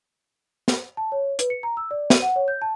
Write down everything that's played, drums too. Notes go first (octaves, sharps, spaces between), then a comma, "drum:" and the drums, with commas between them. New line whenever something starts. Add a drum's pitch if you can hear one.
drum: snare
A5
C#5
B4, drum: hi-hat
C#7
A#5
E6
D5
D#7, drum: snare
F#5
C#5
G6
A5